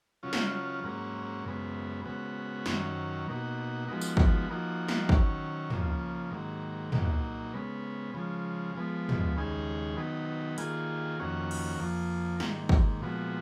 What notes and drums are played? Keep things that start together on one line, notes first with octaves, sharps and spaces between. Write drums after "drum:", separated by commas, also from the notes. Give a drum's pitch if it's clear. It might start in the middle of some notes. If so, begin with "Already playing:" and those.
C#3 F#3 C#4 F4
drum: snare
G#2 F#3 A#3 C#4
F#2 C#3 G#3 B3
C#3 G#3 B3 F#4
F#2 D#3 F#3 C#4, drum: snare
B2 A#3 D#4 F#4
F3 G#3 B3 D#4 F#4
drum: tambourine
drum: kick
F3 A#3 D#4 F#4
drum: snare
D#3 F#3 C#4, drum: kick
C#3 F3 A#3, drum: tom
G#2 D#3 F#3 A#3
A#2 F#3 A#3 D#4, drum: tom
C#3 G#3 B3
C#3 F3 G#3
F3 G#3 B3
drum: tom
D#2 C#3 G#3 D#4 G#4
D#3 F#3 B3 D#4
D#3 A#3 F4 G#4, drum: hi-hat
F2 D#3 A#3 C#4 F#4
drum: cymbal
F2 F3 A#3
G#2 D#3 A#3, drum: snare
drum: kick
A#2 F3 G#3 B3 F#4